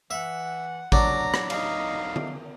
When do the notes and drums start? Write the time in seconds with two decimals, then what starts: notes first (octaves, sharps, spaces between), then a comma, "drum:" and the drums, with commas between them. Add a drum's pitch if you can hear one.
0.11 E3 E5 F#5
0.92 F#3 D4 A#5, drum: kick A1
1.34 drum: rim click
1.50 D#4 F5, drum: cymbal
2.16 drum: tom D3